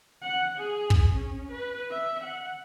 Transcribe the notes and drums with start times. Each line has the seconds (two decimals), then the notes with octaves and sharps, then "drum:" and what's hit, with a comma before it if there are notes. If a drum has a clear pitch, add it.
0.22 F#5
0.59 G#4
0.90 drum: kick
1.14 C#4
1.52 B4
1.91 E5
2.24 F#5